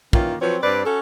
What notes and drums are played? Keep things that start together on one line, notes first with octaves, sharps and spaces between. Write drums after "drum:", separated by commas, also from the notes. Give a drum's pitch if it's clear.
D#3 E3 A#3 C#4 F4, drum: kick
F3 F#3 C4 B4 C#5
G2 C4 B4 D5
C#4 F#4 A4